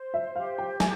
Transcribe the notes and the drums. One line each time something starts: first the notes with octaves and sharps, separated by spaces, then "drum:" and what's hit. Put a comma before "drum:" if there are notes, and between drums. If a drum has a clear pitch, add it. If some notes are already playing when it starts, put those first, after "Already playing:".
Already playing: C5
E5
G4 F5
G5
E5 G#5, drum: snare